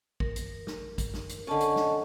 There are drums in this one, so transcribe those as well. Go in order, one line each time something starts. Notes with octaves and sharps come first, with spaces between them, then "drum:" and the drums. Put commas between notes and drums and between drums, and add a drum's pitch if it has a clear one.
A#4, drum: kick
drum: hi-hat
drum: snare
drum: kick, hi-hat
drum: snare
drum: hi-hat
D3 C#4 D#5 A5 C#6
drum: hi-hat
drum: snare